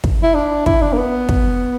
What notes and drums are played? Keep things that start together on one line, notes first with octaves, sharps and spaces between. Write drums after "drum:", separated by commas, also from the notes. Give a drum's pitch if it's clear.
drum: kick
E4
D4
E4, drum: kick
D4
A#3
B3
drum: kick